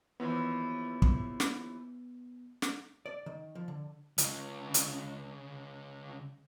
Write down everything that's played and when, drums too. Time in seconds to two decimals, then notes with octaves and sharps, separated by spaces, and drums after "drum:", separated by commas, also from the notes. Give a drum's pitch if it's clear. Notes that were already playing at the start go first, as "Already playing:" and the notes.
0.20 D#2 E3 F3 B3
1.02 drum: kick
1.40 drum: snare
2.62 drum: snare
3.06 D5
3.26 D#3
3.55 F3
3.68 D3
4.18 C#2 C#3, drum: hi-hat
4.74 drum: hi-hat